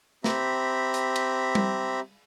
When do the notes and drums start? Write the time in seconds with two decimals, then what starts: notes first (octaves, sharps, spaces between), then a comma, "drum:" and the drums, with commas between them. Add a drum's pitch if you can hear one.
0.24 C4 G4 E5 A#5 B5, drum: snare
0.94 drum: hi-hat
1.16 drum: cymbal
1.55 drum: tom G3